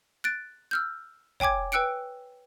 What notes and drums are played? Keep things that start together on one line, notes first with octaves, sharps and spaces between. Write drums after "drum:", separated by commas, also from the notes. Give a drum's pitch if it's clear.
F#6 A6 D7
E6 F6 G6
C#5 G5 G#5 D6 G#6, drum: kick
B4 G5 E6 F#6 C#7 D7